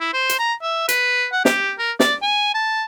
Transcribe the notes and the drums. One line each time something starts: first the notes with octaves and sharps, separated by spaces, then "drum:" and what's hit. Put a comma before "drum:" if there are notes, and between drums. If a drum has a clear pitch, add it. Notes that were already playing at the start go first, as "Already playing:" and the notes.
E4
C5
drum: hi-hat
A#5
E5
B4, drum: hi-hat
F#5
G4, drum: snare
A#4
D5, drum: snare
G#5
A5